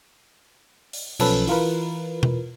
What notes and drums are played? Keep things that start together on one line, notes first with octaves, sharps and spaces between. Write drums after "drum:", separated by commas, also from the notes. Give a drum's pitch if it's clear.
drum: open hi-hat
B1 F3 C#4 A4 B4, drum: cymbal
E3 F4 A#4 B4, drum: open hi-hat
drum: tom B2